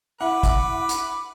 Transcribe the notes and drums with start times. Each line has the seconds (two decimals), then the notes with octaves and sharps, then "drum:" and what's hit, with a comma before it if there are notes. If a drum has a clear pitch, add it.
0.21 E4 B4 F#5 D6
0.43 drum: kick, hi-hat
0.89 drum: hi-hat